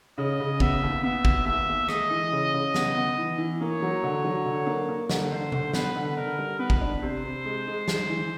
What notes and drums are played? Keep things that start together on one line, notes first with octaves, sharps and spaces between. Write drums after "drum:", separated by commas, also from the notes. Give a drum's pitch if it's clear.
C#3 D#5
C#3
B3 E5, drum: kick
D#2
B3 E5
B3, drum: kick
D#2 E5
D#2
G#3 D#5, drum: rim click
E3
C#3
C#3
B3, drum: snare
B3
E3
E3
A#3 C#5
F#3
D3
F#3
D3
A#3
A#3
D3, drum: snare
D3 C5
D3, drum: tom C3
B3 B4, drum: snare
D3
D3 A#4
G3
B3 B4
drum: kick
D4
C3 C5
C3
G#3
G#3
G#3, drum: snare
E3